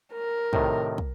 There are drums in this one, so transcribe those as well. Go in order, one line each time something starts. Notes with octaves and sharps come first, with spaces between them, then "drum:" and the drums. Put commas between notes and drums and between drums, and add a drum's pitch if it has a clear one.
A#4
A2 C3 D#3, drum: kick
drum: kick